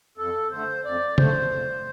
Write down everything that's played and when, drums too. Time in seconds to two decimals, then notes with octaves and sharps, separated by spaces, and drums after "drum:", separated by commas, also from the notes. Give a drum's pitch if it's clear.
0.17 F2 A4
0.51 D3 A3 C5
0.85 F2 D5
1.18 D3 A3 C5, drum: tom
1.52 F2